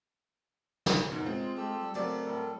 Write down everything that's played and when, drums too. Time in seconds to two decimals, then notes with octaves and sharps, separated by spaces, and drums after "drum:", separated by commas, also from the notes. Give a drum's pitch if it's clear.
0.86 drum: snare
1.12 F#2 B2 D#4
1.26 G#3 C4 F4
1.57 G#3 G4 A4 E6
1.80 G3
1.95 C#3 F#3 A3 C4 A#4 D5
2.26 A2 G3 A4